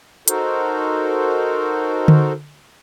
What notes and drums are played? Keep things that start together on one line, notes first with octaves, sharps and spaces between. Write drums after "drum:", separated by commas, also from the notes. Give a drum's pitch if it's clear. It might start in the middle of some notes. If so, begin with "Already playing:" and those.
D#4 F#4 A4 A#4 C5, drum: hi-hat
drum: tom D3